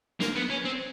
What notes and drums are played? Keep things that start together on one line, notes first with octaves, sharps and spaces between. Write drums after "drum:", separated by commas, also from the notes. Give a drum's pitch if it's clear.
A#3, drum: snare
B3
C#4
C4